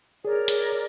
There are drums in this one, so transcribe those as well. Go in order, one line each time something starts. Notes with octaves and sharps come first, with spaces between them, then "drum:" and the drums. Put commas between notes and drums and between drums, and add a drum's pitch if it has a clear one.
G#4 A#4 C#5 D5
drum: hi-hat